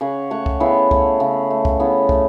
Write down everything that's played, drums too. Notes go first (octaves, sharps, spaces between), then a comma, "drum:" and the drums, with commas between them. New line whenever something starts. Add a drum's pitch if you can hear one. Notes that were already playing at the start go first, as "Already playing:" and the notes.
C#3 C#5 F#5
A3 C#5 F#5
drum: kick
C#3 B3 E4
A3, drum: kick
C#3
A3
drum: kick
C#3 B3 E4
A3, drum: kick